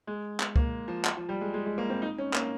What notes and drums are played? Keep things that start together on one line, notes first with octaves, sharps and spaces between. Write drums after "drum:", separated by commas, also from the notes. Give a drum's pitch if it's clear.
G#3
drum: clap
A#3, drum: kick C#2
F3
drum: clap
F3
G3
G#3
G#3
G#3
A#3
C4
D#4
C#4
A#3, drum: clap